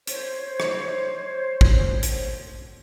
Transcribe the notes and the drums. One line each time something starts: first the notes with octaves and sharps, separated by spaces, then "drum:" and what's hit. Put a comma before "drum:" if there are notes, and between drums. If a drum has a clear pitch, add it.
C5 C#5, drum: hi-hat
drum: rim click
drum: kick
drum: hi-hat